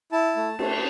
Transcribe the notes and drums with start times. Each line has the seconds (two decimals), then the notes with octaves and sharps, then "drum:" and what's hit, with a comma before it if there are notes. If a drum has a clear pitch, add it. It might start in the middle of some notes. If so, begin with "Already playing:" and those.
0.12 E4 A5
0.36 A3
0.59 A3, drum: cymbal